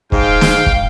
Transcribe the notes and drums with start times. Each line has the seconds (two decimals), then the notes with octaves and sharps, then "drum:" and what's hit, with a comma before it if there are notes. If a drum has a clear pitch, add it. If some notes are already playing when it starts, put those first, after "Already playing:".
0.12 G#2 F5 G5, drum: kick
0.41 drum: snare
0.66 drum: kick